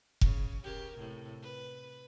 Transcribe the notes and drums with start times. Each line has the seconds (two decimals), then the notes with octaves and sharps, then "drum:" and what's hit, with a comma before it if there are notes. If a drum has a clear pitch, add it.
0.21 C#3, drum: kick F1
0.64 C#3 G4 A#4
0.97 A2 C3
1.42 B4